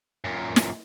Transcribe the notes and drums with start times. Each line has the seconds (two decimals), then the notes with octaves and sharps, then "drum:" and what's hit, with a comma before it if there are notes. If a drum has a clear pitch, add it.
0.24 F#2 A#2
0.56 drum: snare